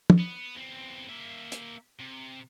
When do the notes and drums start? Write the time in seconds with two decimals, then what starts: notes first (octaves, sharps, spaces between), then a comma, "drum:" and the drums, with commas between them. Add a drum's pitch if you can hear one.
0.10 drum: tom
0.19 B3
0.55 E2 C4
1.09 A#3 E5
1.52 drum: hi-hat
1.99 C3